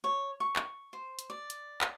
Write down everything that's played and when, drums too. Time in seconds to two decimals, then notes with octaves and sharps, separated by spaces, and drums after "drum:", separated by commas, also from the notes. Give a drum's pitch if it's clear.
0.04 C#5
0.40 C#6
0.56 drum: clap
0.93 C5
1.19 drum: hi-hat
1.30 D5
1.50 drum: hi-hat
1.81 drum: clap